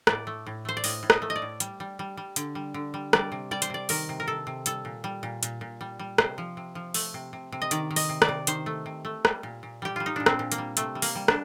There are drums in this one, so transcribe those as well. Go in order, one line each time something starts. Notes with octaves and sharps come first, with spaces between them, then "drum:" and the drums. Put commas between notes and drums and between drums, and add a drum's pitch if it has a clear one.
A2 D5, drum: rim click
A3
A2
A3 C5
D5
A2 D#5, drum: open hi-hat
A2
D#5, drum: rim click
A3
D#5
D5
A2
G3, drum: hi-hat
G3
G3
G3
D3, drum: hi-hat
G3
D3
G3
G3 D5, drum: rim click
C3
G3 D5
C5, drum: hi-hat
C3 D5
D#3 A#4, drum: open hi-hat
C3
A#4
C3 A4
C3
G3 A4, drum: hi-hat
A#2
G3
A#2
A#2, drum: hi-hat
A#2
G3
G3
C3 C5, drum: rim click
F3
C3
F3
A3, drum: open hi-hat
C3
C3
C3
D#5
D#3 D5, drum: hi-hat
D#3
D#5, drum: open hi-hat
C3
D5, drum: rim click
C3
D#3 C5, drum: hi-hat
A3
C3
A3
G3, drum: rim click
A#2
A#2
G3 G4
G3 F4
D#4
A#2 D4
C4, drum: rim click
A#2
A#3, drum: hi-hat
G3
C3 A3, drum: hi-hat
G3
A#3, drum: open hi-hat
G3
D4, drum: rim click